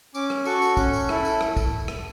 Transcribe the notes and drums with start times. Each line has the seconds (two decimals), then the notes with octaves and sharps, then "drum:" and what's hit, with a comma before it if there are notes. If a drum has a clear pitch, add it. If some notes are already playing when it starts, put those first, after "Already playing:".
0.15 C#4 D6, drum: tambourine
0.30 drum: rim click
0.45 F#4 A4 C#6, drum: tambourine
0.62 drum: tambourine
0.77 C#4, drum: kick, tambourine
0.93 drum: tambourine
1.09 E4 A4, drum: rim click
1.25 drum: tambourine
1.41 drum: rim click
1.57 drum: kick, tambourine
1.88 drum: rim click